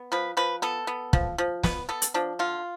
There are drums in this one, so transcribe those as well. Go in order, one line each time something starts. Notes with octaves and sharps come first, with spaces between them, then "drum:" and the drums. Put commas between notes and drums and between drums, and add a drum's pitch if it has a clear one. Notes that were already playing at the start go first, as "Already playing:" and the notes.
Already playing: B3
F3 B4
F3 B4
B3 A4
B3
F3, drum: kick
F3
B3 B4, drum: snare
B3 A4
drum: hi-hat
F3 D4
D3 F4